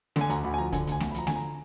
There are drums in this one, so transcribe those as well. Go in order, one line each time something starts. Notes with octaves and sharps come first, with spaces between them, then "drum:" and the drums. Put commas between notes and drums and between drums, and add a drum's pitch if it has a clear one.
D3, drum: snare A3
G#5
D2 A#5, drum: hi-hat
D2 B5
G#5
F3 A#5
D3 G#5, drum: kick C2, hi-hat
D2, drum: hi-hat
G#5
D2, drum: snare A3
B5
F3 A#5, drum: hi-hat
D3 G#5, drum: snare A3
A#5